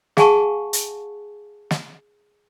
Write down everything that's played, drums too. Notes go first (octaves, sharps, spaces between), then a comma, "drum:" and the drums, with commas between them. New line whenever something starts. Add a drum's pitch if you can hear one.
G#4 F5 F#5 G#5 A5 C#6, drum: snare
drum: hi-hat
drum: snare